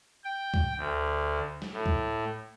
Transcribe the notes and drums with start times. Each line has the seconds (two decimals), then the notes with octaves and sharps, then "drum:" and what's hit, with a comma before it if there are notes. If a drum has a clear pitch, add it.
0.24 G5
0.54 drum: kick C2
0.77 D2
1.62 drum: snare
1.72 A2
1.86 drum: kick C2